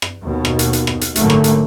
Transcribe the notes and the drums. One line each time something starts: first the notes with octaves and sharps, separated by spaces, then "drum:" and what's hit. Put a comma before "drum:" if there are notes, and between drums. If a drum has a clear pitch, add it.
drum: rim click
D#2 B2
drum: rim click
drum: hi-hat
drum: hi-hat
drum: rim click
drum: hi-hat
G#1 A#2 D3 F#3 A3 A#3, drum: hi-hat
drum: rim click
drum: hi-hat